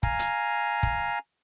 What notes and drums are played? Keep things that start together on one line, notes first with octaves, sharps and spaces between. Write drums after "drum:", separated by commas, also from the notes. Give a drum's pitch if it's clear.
F5 G#5 A#5, drum: kick
drum: hi-hat
drum: kick